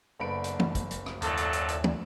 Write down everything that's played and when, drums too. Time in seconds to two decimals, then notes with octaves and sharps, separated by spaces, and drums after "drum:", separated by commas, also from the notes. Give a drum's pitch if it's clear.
0.20 F#1 A3 B3 D4 B5 D7
0.44 drum: hi-hat
0.60 drum: tom
0.75 drum: kick, hi-hat
0.91 drum: hi-hat
1.06 drum: rim click
1.22 D#2 A2 F3 F#3 A4 D5 G#5, drum: hi-hat
1.37 drum: hi-hat
1.53 drum: hi-hat
1.68 drum: hi-hat
1.84 drum: tom